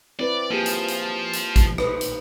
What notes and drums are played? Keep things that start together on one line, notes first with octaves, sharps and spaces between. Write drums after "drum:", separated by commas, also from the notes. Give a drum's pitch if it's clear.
C4 E4 B4 D5
F3 A#3 G4 G#4
drum: hi-hat
drum: hi-hat
drum: hi-hat
drum: kick, hi-hat
D#4 B4 C5, drum: rim click
drum: hi-hat